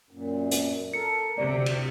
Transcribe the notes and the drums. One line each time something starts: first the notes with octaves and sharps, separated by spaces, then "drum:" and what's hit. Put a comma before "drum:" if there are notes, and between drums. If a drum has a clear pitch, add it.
F#2 A#2
A#4, drum: hi-hat
A4 A#4 C#7
D2 C3 D5
drum: cymbal